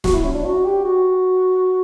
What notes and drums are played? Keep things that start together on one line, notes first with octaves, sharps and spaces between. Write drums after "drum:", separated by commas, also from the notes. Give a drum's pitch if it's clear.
F#4, drum: snare
E4
C#4
D4
F#4
G4
F#4